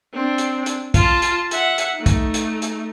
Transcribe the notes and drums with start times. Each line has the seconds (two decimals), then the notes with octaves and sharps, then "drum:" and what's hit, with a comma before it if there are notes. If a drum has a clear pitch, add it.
0.13 C4 D4
0.38 drum: hi-hat
0.66 drum: hi-hat
0.94 F4 A5, drum: kick, hi-hat
1.22 drum: hi-hat
1.51 E5 F#5, drum: hi-hat
1.78 drum: hi-hat
1.96 A3 D#4
2.06 drum: kick, hi-hat
2.34 drum: hi-hat
2.62 drum: hi-hat